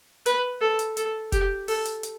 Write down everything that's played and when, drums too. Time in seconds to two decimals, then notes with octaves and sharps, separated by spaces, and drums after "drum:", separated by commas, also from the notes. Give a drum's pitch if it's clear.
0.26 B4, drum: hi-hat
0.61 A4
0.79 drum: hi-hat
0.97 A4, drum: hi-hat
1.32 G4, drum: kick, hi-hat
1.68 A4, drum: open hi-hat
1.85 drum: hi-hat
2.03 drum: hi-hat